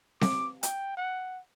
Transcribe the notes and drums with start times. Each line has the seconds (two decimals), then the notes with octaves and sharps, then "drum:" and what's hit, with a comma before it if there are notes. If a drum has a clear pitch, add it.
0.21 D6, drum: snare C4
0.63 G5, drum: hi-hat
0.97 F#5